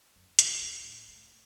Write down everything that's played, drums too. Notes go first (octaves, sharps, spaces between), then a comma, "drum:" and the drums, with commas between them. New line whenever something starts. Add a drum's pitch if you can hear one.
F#2
E2, drum: hi-hat
E2
A2
A2